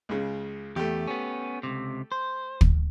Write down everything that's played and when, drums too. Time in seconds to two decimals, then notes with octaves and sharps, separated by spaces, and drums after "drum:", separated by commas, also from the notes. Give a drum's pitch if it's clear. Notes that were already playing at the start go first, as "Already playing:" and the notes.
0.09 C#2 C#3
0.76 E2 A3 G4
1.08 B3 C#4
1.63 C#2 C3
2.12 C5
2.61 drum: kick